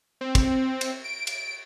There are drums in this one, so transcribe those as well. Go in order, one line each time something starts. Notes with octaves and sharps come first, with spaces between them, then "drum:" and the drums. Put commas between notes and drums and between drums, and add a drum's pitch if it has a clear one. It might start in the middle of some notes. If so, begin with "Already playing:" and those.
C4
drum: kick, cymbal
drum: cymbal
D7
drum: cymbal